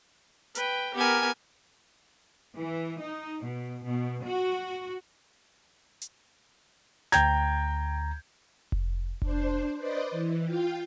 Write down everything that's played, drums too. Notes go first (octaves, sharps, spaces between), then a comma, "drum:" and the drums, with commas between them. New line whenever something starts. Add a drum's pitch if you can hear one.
B4 G5, drum: hi-hat
B3 G4 A#4 G#5
E3
D#4
B2
B2
F#4
drum: hi-hat
D2 G5 A#5 G6 G#6, drum: snare
drum: kick F1
D4 C5, drum: kick F1
B4 C5 D5 D#5
E3
F4 F5 G5